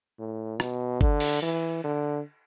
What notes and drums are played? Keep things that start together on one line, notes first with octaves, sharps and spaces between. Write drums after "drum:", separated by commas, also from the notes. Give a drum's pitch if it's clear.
A2
B2, drum: rim click
D3, drum: kick G1
drum: cymbal
E3
D3